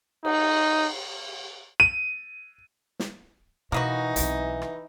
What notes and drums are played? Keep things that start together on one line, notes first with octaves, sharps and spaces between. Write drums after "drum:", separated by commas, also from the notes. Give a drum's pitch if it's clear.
D#4, drum: cymbal
D#7
drum: snare
B2 E3 A#3 B3 D#4 F#4
B1 C4, drum: hi-hat
drum: rim click